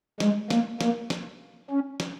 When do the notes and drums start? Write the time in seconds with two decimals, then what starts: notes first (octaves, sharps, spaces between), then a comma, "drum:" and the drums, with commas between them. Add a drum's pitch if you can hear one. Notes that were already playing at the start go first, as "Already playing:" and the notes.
0.20 G#3, drum: snare
0.50 A#3, drum: snare
0.81 A#3, drum: snare
1.10 drum: snare
1.71 C#4
2.00 drum: snare